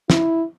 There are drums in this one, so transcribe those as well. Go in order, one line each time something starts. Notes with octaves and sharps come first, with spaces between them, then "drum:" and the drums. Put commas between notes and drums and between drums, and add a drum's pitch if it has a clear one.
E4, drum: snare